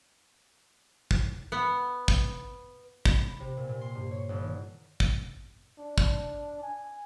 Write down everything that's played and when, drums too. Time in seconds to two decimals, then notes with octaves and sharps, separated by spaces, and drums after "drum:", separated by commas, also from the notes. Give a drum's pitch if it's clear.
1.11 drum: kick
1.52 B3
2.08 drum: kick
3.05 drum: kick
3.15 B5
3.40 C3
3.57 A#2
3.69 A#2
3.81 C6
3.95 G2
4.11 C#5
4.29 G1
4.42 D#3
5.00 drum: kick
5.78 D4
5.98 drum: kick
6.62 G#5